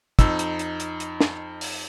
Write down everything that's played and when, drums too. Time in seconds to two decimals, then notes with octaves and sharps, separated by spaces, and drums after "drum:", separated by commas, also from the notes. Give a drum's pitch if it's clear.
0.19 F2 D#4 E6, drum: kick, hi-hat
0.39 drum: hi-hat
0.59 drum: hi-hat
0.80 drum: hi-hat
1.00 drum: hi-hat
1.20 drum: snare
1.61 drum: open hi-hat